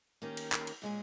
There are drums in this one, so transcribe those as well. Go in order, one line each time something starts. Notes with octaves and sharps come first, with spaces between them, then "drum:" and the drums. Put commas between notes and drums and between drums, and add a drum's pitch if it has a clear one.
D#3 A#3 C#4 G4
drum: cymbal
drum: clap
drum: cymbal
A#2 G#3 C#4 G#4